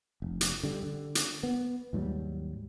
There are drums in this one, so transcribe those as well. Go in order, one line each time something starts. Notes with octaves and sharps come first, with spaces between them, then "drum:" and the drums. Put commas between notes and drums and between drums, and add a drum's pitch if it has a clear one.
F1
drum: hi-hat
D3 G3
D3
drum: hi-hat
B3
D#2 G#2 F#3 G3